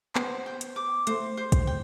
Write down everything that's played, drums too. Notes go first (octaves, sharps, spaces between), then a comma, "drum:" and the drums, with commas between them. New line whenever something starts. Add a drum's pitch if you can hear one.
B3 C5, drum: clap
G5
drum: hi-hat
D6
A3 C5, drum: hi-hat
C5
drum: kick, hi-hat
G5